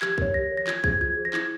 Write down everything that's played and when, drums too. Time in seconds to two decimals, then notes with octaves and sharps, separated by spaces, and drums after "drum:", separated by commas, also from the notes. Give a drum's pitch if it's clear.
0.01 G4 G#6, drum: clap
0.18 A#4 C#5, drum: kick
0.34 G4 A#6
0.51 A#4 C#5
0.57 A#6
0.67 F4 G#6, drum: clap
0.84 G#4 C5 G#6, drum: kick
1.01 F4 G#6
1.17 G#4 C5
1.25 A#6
1.34 E4 G#6, drum: clap